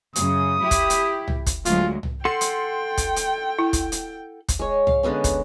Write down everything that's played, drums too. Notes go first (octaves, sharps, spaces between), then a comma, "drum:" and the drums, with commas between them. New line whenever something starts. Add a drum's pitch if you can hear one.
F#2 C#3 D#6, drum: hi-hat
E4 G4
drum: kick, hi-hat
drum: hi-hat
drum: tom C2
drum: kick, hi-hat
D2 F#3 G#3 F4, drum: hi-hat
drum: tom C2
A4 F#5 G5 C6
drum: hi-hat
drum: kick, hi-hat
drum: hi-hat
E4
drum: kick, hi-hat
drum: hi-hat
drum: kick, hi-hat
G#3 C#5
F5, drum: tom C2
D3 G#3 B3 C#4
drum: kick, hi-hat